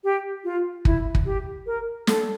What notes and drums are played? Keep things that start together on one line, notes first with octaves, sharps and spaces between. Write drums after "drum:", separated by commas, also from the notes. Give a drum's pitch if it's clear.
G4
F4
E4, drum: kick
drum: kick
G4
A#4
A4, drum: snare